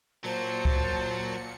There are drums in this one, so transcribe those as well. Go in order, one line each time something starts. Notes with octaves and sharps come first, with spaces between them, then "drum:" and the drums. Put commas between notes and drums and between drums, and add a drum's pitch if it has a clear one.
A#2 F#3 C5 A5 C#7
drum: kick C#2